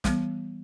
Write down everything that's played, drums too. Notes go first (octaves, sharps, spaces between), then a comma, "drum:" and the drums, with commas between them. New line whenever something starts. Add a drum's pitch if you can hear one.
E3 G3 B3, drum: snare